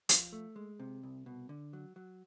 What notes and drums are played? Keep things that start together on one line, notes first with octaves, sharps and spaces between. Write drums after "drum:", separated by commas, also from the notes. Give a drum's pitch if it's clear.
F3, drum: hi-hat
A3
G#3
C3
C2
B2
D3
F#3
F#3